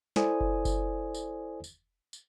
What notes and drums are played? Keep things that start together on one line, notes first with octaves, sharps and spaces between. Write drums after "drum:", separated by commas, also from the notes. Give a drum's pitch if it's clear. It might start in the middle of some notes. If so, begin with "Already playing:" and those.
E4 A4 C5 D5 G#5 D#6, drum: snare
drum: kick F#1
drum: kick F#1, tambourine
drum: tambourine
drum: tambourine
drum: tambourine